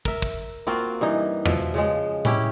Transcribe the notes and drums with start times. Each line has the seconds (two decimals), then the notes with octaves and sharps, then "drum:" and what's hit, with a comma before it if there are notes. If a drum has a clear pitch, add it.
0.05 A#4 E5, drum: kick
0.22 drum: kick
0.67 A#3 C4 F4 F#4
1.01 G2 E3 D#4
1.46 B2 F3 E5, drum: tom E2
1.74 C#3 F3 G#3
2.25 C#4 E4 G4, drum: tom A2